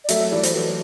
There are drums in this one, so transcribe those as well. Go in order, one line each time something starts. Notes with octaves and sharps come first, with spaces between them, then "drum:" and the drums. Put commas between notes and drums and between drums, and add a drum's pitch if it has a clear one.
D5
F#3 A3 E5, drum: hi-hat
E3 G3 D5
C5, drum: hi-hat
F#3 A3 B4